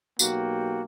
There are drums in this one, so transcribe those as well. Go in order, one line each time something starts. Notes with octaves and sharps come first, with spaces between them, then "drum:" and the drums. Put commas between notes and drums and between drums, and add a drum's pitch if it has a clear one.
B1 A#3 F#4 G4 G5, drum: tambourine